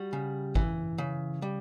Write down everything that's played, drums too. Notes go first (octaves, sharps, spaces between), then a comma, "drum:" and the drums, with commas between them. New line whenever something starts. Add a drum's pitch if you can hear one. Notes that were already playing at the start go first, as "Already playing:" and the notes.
Already playing: G3 F#4
C#3
E3, drum: kick
C#3
G3